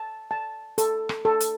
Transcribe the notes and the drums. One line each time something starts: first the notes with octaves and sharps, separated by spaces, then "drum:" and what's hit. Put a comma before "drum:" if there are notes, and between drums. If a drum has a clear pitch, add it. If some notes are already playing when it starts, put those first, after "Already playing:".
Already playing: A5
A5
A4, drum: hi-hat
drum: rim click
A4
drum: hi-hat